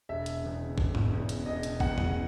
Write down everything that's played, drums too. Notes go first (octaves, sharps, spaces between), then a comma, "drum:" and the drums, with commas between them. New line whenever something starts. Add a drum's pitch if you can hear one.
E1 E5
drum: hi-hat
E2 C#3
E1, drum: kick G#1
drum: tom G#2
E2 C#3
drum: hi-hat
E1 D#5
drum: hi-hat
E2 C#3 F#5, drum: kick G#1
drum: tom E2